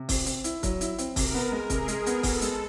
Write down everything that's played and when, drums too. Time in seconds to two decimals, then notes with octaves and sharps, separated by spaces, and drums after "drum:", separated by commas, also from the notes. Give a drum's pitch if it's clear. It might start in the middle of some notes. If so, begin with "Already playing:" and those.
Already playing: C3
0.09 C4, drum: kick, open hi-hat
0.26 C4, drum: hi-hat
0.44 E4, drum: hi-hat
0.63 F#3, drum: kick, hi-hat
0.81 E4, drum: hi-hat
0.98 C4, drum: hi-hat
1.16 C3 A#4, drum: kick, open hi-hat
1.34 B3
1.52 G#3
1.70 C3 G#4, drum: kick, hi-hat
1.88 G#3, drum: hi-hat
2.06 B3, drum: hi-hat
2.23 B3 A4, drum: kick, open hi-hat
2.41 G#3, drum: hi-hat